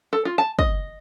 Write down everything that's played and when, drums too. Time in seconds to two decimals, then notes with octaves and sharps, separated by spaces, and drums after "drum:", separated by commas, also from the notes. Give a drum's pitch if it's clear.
0.13 A4
0.25 F4
0.38 A5
0.59 D#5, drum: kick